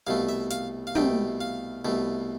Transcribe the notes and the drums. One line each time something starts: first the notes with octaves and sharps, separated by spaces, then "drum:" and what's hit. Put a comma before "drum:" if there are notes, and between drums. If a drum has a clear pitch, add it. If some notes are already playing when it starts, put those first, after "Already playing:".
C2 B2 A3 F5
E5
F5, drum: hi-hat
F5
C2 B2 A3 G5, drum: tom
F5
C2 B2 A3